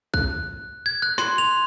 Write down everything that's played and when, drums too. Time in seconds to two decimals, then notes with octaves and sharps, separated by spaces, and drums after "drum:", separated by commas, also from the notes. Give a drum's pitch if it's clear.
0.14 F#6, drum: kick B1
0.86 G#6
1.02 F#6
1.18 C6, drum: snare
1.38 F7